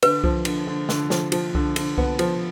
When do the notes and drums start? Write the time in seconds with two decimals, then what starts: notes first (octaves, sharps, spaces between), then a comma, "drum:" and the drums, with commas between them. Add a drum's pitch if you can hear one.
0.02 D3 B4, drum: cymbal
0.24 F3, drum: kick C2
0.45 D3, drum: cymbal
0.67 D3
0.89 D3, drum: snare
1.10 F3, drum: snare
1.32 F3, drum: cymbal
1.55 D3, drum: kick C2
1.76 D3, drum: cymbal
1.98 B3, drum: kick C2
2.19 F3, drum: cymbal